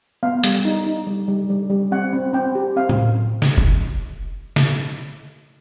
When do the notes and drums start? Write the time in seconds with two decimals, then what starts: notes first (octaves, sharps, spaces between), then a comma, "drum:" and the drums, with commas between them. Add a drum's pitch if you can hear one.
0.23 B3 F5
0.44 G3, drum: hi-hat
0.65 D#4
0.86 D#4
1.07 G3
1.28 G3
1.50 G3
1.70 G3
1.91 C4 F#5
2.13 C4
2.33 C4 G5
2.55 G4
2.76 C4 F5
2.89 drum: tom A2
3.42 drum: snare
3.58 drum: kick F1
4.56 drum: snare